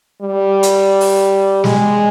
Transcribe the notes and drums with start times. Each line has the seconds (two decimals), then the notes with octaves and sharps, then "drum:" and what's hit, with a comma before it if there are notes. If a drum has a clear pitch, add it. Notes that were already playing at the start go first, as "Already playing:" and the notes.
0.22 G3
0.63 drum: hi-hat
1.01 drum: open hi-hat
1.64 G#3, drum: snare